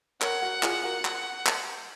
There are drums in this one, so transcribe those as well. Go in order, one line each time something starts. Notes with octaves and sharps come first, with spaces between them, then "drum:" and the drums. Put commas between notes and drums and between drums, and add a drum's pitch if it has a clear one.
A#4 C#5 F#5, drum: clap
F#4 A#4
F4 G#4, drum: clap
F#4 A#4
drum: clap
drum: clap